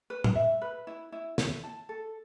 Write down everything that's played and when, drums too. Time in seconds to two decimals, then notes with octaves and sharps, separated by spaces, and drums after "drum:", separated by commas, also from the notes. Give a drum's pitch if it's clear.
0.10 B4
0.24 drum: tom
0.35 E5
0.61 B4
0.87 E4
1.12 E4
1.38 E4, drum: snare
1.64 A5
1.89 A4